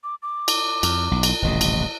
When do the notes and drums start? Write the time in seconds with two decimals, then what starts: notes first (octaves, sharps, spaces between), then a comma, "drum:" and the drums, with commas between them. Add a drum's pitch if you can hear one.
0.04 D6
0.22 D6
0.48 drum: cymbal
0.83 F2, drum: cymbal
1.11 B1
1.23 drum: cymbal
1.42 D#1 A1 C3 D#5
1.61 drum: cymbal